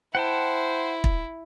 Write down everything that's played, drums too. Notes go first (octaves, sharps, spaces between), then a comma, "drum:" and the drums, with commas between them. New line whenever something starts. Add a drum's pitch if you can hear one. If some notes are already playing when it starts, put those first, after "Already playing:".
E4 C5 F#5 G5 A5
drum: kick